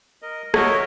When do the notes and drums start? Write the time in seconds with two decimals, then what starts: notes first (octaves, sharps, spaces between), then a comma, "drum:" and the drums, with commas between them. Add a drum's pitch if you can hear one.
0.22 A#4 D#5
0.54 F#4 A#4 C#5 D#5 E5, drum: rim click